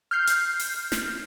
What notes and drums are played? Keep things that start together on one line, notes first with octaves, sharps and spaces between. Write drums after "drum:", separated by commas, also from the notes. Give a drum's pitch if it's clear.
F6 G6 C7
drum: hi-hat
drum: open hi-hat
drum: snare